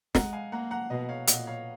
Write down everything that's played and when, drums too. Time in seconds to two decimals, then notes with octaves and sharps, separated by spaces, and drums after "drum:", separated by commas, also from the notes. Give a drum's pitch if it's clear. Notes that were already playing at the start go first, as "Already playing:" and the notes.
0.15 G#3 F#5 A#5, drum: snare
0.33 F5 G#5
0.52 A#3 F#5 A#5
0.71 F#5 A#5
0.90 B2 B4 D#5
1.09 C#5 F5
1.27 A#2 D#5 F#5, drum: hi-hat
1.47 C#5 F5